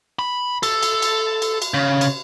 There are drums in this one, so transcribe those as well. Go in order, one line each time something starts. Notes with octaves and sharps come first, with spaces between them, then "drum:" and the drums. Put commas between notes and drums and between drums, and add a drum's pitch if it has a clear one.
B5
A4, drum: cymbal
drum: cymbal
drum: cymbal
drum: cymbal
drum: cymbal
C#3
drum: cymbal